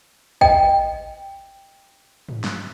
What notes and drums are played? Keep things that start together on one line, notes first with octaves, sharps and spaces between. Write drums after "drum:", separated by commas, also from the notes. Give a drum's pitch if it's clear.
D#5 G5, drum: kick
drum: tom
drum: snare